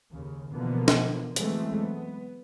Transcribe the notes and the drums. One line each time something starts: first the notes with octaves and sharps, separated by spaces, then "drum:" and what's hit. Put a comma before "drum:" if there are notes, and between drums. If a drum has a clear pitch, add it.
D#2 C#3
B2 D3 E3 F3 A#3 B3
drum: snare
E3 F#3 G#3 A3 B3 C4, drum: hi-hat
B3